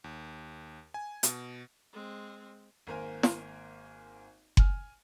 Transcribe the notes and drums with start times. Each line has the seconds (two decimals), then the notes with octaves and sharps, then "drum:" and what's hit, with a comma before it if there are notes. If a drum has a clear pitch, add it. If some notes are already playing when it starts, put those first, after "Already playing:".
0.04 D#2
0.94 G#5
1.23 B2, drum: hi-hat
1.93 G#3 C4
2.87 G#1 A#3 A#4 C5 G#5
3.23 drum: snare
4.57 G#5 F6, drum: kick F#1